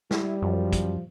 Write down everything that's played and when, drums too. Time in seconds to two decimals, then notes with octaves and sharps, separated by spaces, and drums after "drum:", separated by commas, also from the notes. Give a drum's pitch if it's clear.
0.11 G3 E4, drum: snare
0.42 F#2 F3
0.73 drum: kick, hi-hat